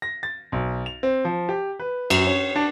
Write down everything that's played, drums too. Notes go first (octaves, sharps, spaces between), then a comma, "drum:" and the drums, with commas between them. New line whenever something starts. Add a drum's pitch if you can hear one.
A#6
A6
B1
F7
C4
F3
G4
B4
F#2, drum: cymbal
C#4
D4